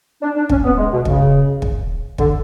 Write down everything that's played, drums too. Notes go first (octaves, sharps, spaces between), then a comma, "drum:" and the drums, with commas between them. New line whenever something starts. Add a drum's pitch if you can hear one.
D4
D4
C#4, drum: kick
B3
G#3
B2
C#3, drum: kick
drum: kick
D3, drum: kick